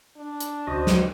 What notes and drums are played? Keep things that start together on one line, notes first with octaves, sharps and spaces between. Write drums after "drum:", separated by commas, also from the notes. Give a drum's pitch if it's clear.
D4
drum: hi-hat
D2 C#3 F#4 C5 D#5 D#6
drum: snare